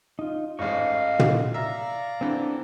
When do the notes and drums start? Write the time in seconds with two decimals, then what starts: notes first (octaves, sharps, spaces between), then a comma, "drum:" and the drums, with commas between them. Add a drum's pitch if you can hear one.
0.19 D#4 F4
0.59 A1 G#2 D#5 F5 C#6
1.19 drum: tom
1.54 D5 E5 F5 A#5
2.21 D3 E3 C4 D4